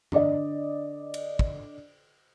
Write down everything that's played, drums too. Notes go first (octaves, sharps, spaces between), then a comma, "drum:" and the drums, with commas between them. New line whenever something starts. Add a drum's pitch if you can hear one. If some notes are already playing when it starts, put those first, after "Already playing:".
D3 D5 D#5, drum: tom G2
drum: cymbal
drum: kick